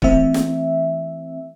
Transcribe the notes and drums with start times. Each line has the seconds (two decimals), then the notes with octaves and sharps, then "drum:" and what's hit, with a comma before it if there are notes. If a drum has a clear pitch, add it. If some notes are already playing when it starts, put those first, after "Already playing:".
0.02 E3 A3 C4 E5, drum: kick
0.34 drum: snare